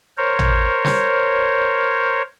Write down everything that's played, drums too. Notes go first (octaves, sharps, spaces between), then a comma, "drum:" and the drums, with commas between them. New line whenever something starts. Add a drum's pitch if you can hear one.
A#4 C5 C#5
drum: tom
drum: snare